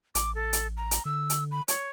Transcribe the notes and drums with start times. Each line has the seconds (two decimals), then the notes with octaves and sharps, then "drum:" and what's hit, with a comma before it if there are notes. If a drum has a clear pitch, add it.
0.15 A1 D6, drum: hi-hat
0.35 A4
0.53 drum: hi-hat
0.77 A#5
0.91 drum: hi-hat
1.05 D3 E6
1.30 drum: hi-hat
1.51 B5
1.68 C#5, drum: hi-hat